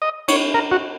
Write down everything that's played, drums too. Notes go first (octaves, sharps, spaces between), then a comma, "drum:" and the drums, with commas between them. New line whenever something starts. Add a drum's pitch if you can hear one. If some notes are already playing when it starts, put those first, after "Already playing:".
D#5
C#5, drum: cymbal
A#4
F#4